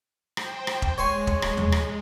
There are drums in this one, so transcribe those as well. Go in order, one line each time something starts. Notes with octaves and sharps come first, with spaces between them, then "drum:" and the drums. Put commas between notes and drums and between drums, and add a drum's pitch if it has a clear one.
C5 G5, drum: rim click
drum: rim click
drum: kick E1
G#3 C#5 G#5 C6
drum: kick E1
drum: rim click
drum: tom D#2
drum: rim click